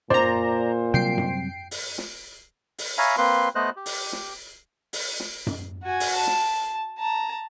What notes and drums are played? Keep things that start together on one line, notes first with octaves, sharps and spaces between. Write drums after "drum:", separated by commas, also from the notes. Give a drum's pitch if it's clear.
A#2 C5 D5 A#5, drum: tom F#2
C3 F#3 G3 G5 C7 D7
drum: tom F#2
drum: open hi-hat
drum: snare
drum: open hi-hat
C#5 E5 F5 G#5 A#5 B5
A#3 C4 B4 C6
A3 B3 C5 D#5 F#6
G4
drum: open hi-hat
drum: snare
drum: open hi-hat
drum: snare
drum: tom F#2
F#4 G#5
drum: open hi-hat
A5
drum: snare
A5 A#5